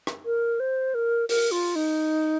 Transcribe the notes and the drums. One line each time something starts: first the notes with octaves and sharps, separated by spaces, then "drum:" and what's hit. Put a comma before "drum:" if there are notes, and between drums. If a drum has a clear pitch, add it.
drum: rim click
A#4
C5
A#4
A#4, drum: open hi-hat
F4
D#4